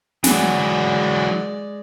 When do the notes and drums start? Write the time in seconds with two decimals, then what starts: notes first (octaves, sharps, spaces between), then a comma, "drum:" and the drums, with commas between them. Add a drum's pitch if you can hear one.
0.24 E3 F#3 G#3 D5, drum: snare